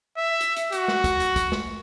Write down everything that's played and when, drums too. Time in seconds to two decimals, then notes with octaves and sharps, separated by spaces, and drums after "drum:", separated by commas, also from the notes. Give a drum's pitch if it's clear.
0.17 E5
0.41 drum: hi-hat
0.56 drum: hi-hat
0.72 F#4, drum: hi-hat
0.88 drum: snare
1.04 drum: kick, hi-hat
1.20 drum: hi-hat
1.36 drum: kick, hi-hat
1.52 drum: snare